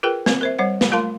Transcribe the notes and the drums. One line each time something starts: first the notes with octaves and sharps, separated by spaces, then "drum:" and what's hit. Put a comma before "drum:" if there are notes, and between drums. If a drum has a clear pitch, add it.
F4 G#4 A#4 B4 G5
C4, drum: snare
A#4 C5 E5
G3 C5 C#5 F#5
drum: snare
A3 F4 A#4 F5 A5 C6